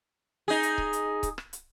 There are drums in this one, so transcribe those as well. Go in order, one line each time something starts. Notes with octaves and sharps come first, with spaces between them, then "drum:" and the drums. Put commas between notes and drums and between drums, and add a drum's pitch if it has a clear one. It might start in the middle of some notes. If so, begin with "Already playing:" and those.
D#4 G#4
drum: hi-hat
drum: kick C#1
drum: hi-hat
drum: kick C#1, hi-hat
drum: rim click
drum: hi-hat